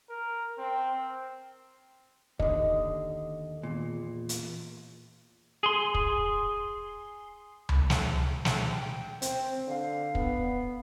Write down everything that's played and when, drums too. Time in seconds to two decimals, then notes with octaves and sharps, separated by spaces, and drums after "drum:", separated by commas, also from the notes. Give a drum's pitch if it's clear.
0.10 A#4
0.58 C4
2.40 D#2 D3 D#5, drum: kick
3.63 E2 A#2
4.29 drum: hi-hat
5.63 G#4 C6
5.94 drum: kick
7.69 drum: tom C#2
7.90 drum: snare
8.45 drum: snare
8.70 G5
9.22 C4 C5, drum: hi-hat
9.68 D3 F5
10.15 B3, drum: kick